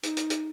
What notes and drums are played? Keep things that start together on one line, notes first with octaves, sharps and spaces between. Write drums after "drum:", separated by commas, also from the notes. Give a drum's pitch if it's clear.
D#4, drum: hi-hat
drum: hi-hat
drum: hi-hat